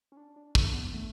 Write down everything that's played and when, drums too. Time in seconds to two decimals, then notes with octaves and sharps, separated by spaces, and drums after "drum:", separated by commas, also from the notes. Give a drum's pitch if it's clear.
0.12 C#4
0.17 D4
0.36 D4
0.55 D4, drum: kick
0.74 B3
0.93 A3